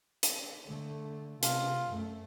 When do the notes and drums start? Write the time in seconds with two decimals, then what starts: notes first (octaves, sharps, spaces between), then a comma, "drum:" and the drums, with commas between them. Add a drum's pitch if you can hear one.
0.23 drum: hi-hat
0.66 D3 A3
1.43 C3 F4, drum: hi-hat
1.92 F#2 A3